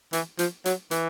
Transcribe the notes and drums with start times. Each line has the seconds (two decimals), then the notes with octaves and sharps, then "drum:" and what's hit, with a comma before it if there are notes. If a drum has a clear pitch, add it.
0.13 E3, drum: hi-hat
0.39 F3, drum: hi-hat
0.65 F#3, drum: hi-hat
0.91 E3, drum: hi-hat